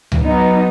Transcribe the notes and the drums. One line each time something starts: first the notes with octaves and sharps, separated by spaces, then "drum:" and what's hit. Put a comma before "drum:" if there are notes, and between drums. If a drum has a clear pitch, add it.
drum: tom C#2
F#3 B3 D#4